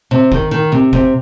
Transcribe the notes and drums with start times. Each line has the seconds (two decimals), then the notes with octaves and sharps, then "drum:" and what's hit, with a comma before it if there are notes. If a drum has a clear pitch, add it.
0.11 C3
0.32 D#3, drum: kick
0.51 D#3
0.72 C3
0.93 C3, drum: kick